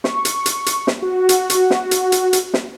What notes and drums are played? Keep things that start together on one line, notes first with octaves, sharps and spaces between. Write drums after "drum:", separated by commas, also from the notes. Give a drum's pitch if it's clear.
C#6, drum: snare
drum: hi-hat
drum: hi-hat
drum: hi-hat
drum: snare
F#4
drum: hi-hat
drum: hi-hat
drum: snare
drum: hi-hat
drum: hi-hat
drum: hi-hat
drum: snare